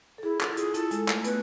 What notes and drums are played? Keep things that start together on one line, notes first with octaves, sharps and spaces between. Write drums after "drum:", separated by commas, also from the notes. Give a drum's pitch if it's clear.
A4
E4 G#4
F4, drum: clap
E4
G#4, drum: hi-hat
F4
E4 A4, drum: hi-hat
G#3, drum: hi-hat
A3, drum: clap
B3 B4, drum: hi-hat